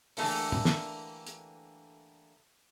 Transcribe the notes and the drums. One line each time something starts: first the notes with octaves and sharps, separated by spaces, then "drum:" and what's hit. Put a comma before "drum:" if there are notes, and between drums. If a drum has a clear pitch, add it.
D3 E3 G3 A3 A#3 C#4, drum: open hi-hat
drum: tom A2
drum: snare
drum: hi-hat